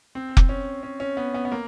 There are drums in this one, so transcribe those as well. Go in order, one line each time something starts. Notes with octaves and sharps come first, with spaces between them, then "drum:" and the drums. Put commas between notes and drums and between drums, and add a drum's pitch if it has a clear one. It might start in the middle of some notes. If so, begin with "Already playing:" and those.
C4
drum: kick F1
C#4
C#4
C#4
B3
B3
B3
A#3